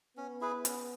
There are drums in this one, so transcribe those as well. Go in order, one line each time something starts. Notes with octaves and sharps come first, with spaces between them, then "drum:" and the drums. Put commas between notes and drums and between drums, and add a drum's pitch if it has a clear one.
B3 C#4
E4 G#4 B4
C#4, drum: hi-hat